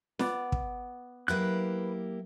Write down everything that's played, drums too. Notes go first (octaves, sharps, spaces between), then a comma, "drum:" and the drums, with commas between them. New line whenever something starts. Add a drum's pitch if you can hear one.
B3 D5, drum: snare
drum: kick
F#3 A#3 E4 G4 B4 F#6